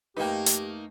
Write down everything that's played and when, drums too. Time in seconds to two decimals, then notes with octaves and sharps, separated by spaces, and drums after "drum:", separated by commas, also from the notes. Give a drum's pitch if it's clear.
0.17 F2 A3 A#3 D#4 G4 B4 G5
0.46 drum: hi-hat